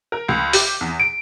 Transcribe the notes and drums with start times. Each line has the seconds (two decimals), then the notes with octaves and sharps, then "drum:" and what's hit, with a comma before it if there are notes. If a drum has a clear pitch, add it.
0.12 A#4
0.28 C#2
0.53 G4, drum: open hi-hat
0.81 E2
1.00 D7